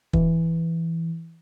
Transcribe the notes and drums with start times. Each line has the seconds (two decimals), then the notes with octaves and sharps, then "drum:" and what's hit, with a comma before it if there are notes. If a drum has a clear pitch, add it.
0.13 E3, drum: kick